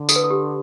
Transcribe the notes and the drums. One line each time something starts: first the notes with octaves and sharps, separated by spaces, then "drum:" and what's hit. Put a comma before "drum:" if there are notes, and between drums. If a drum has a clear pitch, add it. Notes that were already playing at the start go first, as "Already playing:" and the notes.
Already playing: D3
A4, drum: tambourine
B4
A4
G4